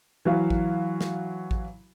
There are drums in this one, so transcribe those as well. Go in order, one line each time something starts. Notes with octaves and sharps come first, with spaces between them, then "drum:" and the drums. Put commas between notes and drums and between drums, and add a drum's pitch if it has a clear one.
E3 F#3 F#4 F5
drum: kick A1
drum: snare
drum: kick A1